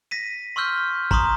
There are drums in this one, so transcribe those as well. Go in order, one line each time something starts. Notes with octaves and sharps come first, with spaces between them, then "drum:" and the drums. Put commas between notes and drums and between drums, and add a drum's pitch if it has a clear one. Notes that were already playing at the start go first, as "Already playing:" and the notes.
A#6 B6 D#7
C6 C#6 E6 F6 G6
A#5 C6 C#6 D#6, drum: kick G#1